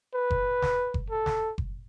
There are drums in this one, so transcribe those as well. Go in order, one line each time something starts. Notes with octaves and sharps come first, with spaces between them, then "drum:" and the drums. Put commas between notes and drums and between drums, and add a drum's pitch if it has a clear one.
B4
drum: kick F#1
drum: snare
drum: kick F#1
A4
drum: snare
drum: kick F#1